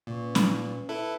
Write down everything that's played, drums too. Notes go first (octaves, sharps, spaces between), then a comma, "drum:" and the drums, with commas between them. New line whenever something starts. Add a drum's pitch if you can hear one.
A#2 C#4 B4
drum: snare
E4 A4 B4